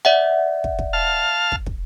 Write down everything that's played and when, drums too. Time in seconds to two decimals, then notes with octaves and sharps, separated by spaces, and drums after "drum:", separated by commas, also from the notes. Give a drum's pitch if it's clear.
0.05 D5 E5 F#5
0.64 drum: kick
0.79 drum: kick
0.93 F5 A5 F6
1.52 drum: kick
1.66 drum: kick